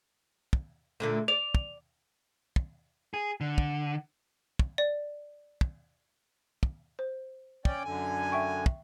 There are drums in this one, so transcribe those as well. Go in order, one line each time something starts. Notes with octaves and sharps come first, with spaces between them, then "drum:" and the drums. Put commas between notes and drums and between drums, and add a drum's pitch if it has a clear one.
drum: kick
A#2 D3 A3
D5 F7
drum: kick
drum: kick
G#4
D3
drum: kick
drum: kick
D5
drum: kick
drum: kick
C5
C#4 D5 G5, drum: kick
F#2 D3 G#5
E5 G5 C#6
drum: kick